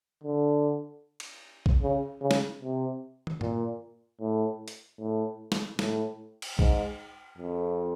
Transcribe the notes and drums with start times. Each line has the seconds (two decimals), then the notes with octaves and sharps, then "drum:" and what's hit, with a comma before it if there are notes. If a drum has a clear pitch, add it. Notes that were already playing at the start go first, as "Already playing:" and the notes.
0.24 D3
1.20 drum: cymbal
1.66 drum: kick A#1
1.82 C#3
2.22 C#3
2.31 drum: snare
2.62 C3
3.27 drum: tom
3.41 A#2, drum: tom G2
4.21 A2
4.68 drum: hi-hat
5.00 A2
5.52 drum: snare
5.79 A2, drum: snare
6.42 drum: cymbal
6.59 G#2, drum: kick A#1
7.38 F2